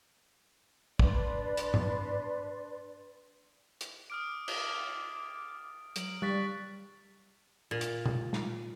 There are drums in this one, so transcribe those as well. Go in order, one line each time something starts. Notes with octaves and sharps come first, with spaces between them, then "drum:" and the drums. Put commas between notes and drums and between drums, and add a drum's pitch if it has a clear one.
D4 B4 D5 C6, drum: kick
drum: hi-hat
drum: tom G2
drum: hi-hat
D6 D#6 F6 D7
drum: cymbal
F#3 D7 F#7, drum: hi-hat
G3 C#6 F#6 A6 B6
A#2
drum: hi-hat
drum: tom
drum: snare